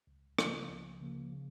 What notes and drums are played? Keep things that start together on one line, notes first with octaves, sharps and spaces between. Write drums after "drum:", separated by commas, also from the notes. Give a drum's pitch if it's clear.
C#2
C#3 F3 A#3, drum: rim click
C#2
C#3 F3 A#3
C#3